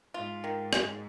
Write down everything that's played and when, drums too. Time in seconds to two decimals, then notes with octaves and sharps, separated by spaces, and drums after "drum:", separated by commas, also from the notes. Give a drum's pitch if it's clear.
0.14 G#2 F4
0.44 D#3
0.73 G#3, drum: rim click